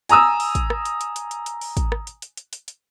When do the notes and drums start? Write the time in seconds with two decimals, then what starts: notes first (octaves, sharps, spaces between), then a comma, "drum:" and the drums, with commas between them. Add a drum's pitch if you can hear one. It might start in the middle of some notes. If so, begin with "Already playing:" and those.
0.09 G#5 A#5 D#6 E6, drum: hi-hat
0.40 drum: open hi-hat
0.55 drum: kick, hi-hat
0.70 drum: rim click
0.85 drum: hi-hat
1.01 drum: hi-hat
1.16 drum: hi-hat
1.31 drum: hi-hat
1.46 drum: hi-hat
1.61 drum: open hi-hat
1.77 drum: kick, hi-hat
1.92 drum: rim click
2.07 drum: hi-hat
2.22 drum: hi-hat
2.37 drum: hi-hat
2.53 drum: hi-hat
2.68 drum: hi-hat